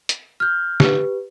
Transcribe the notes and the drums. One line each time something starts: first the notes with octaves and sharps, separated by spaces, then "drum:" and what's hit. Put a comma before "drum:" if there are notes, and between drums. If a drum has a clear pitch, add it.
drum: hi-hat
F6 G6
G4 B4, drum: snare